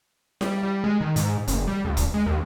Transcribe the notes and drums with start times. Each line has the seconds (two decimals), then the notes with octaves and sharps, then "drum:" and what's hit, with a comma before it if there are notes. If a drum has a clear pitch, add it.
0.41 G3, drum: snare E4
0.63 G3
0.84 G#3
1.01 D#3
1.16 G#2, drum: hi-hat
1.48 F#1, drum: hi-hat
1.67 G3
1.85 D2
1.97 drum: kick, hi-hat
2.14 G#3
2.26 D#2